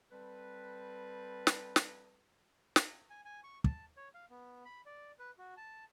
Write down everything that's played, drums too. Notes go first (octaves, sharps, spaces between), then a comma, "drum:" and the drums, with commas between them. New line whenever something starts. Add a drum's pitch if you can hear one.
G3 C4 A4 B4
drum: snare
drum: snare
drum: snare
G#5
G#5
C#6
A5, drum: kick
C#5
F5
B3
B5
D5
B4
F#4
A5